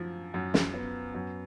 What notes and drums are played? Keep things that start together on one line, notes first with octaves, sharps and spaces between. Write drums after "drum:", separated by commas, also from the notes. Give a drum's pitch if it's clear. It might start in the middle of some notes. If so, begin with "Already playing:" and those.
Already playing: F#2 F3
F#2
drum: snare
B3
F#2